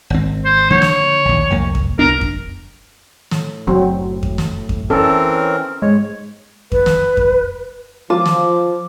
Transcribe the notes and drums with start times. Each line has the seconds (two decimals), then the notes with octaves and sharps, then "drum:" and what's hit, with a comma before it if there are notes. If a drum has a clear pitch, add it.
0.10 G#1 C4
0.45 C5
0.70 D3 F3 A#3 C#5
0.82 drum: snare
1.25 A#1 D#2
1.50 C2 F2 A#3
1.75 drum: kick F2
1.99 C2 B3 D4 A#4
2.21 drum: kick F2
3.31 A2, drum: snare
3.67 F#1 F#3 C4
4.23 drum: kick F2
4.38 drum: snare
4.69 drum: kick F2
4.90 E3 C4 C#4 A4 A#4
5.82 G#2 G#3 C#5
6.72 B4, drum: kick F2
6.86 drum: snare
7.17 drum: kick F2
8.10 F3 F4 D6
8.26 drum: snare